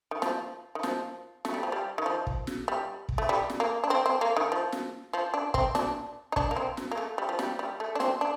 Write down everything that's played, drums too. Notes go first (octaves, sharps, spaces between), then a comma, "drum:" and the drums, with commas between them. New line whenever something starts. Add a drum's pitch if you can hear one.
D#3
F3, drum: snare
D#3
F3, drum: snare
A3, drum: snare
G3
F3
G3
D#3
F3
drum: kick
drum: snare
G3
drum: kick
A3
G3
drum: snare
A#3
D4
C4
C4
A#3
D#3
F3
drum: snare
F3
D4
C4, drum: kick
D4, drum: snare
D#4
D4, drum: kick
A#3
C4
drum: snare
A#3
A3
G3
F3
G3, drum: snare
G3
A3
D4
C4, drum: snare
D4